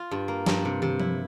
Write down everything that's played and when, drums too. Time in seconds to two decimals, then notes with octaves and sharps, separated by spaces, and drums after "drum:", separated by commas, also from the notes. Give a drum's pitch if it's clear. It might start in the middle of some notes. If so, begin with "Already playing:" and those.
Already playing: F4
0.11 G2
0.28 A#3
0.46 G2, drum: snare
0.65 C3
0.82 C3, drum: tom
1.00 E4, drum: tom F3